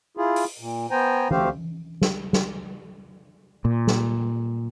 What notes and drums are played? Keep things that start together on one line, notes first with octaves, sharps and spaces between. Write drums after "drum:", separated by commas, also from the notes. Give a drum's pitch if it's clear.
E4 F4 G#4
drum: open hi-hat
A#2
B3 C5 G5 G#5 A#5
D2 A3 C4 G4 C5 F5, drum: tom E3
drum: snare
drum: snare
A#2
drum: snare